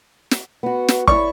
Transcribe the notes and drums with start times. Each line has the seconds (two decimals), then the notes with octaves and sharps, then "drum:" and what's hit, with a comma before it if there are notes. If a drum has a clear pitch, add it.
0.31 drum: snare
0.63 B3 F#4
0.88 drum: snare
1.08 E4 C#5 D5 C#6, drum: kick